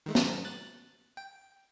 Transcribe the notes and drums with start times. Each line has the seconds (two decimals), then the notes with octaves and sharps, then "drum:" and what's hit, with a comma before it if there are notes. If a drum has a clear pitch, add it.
0.06 D#3 G#3 A3
0.15 drum: snare
0.45 F#6 A6
1.17 G5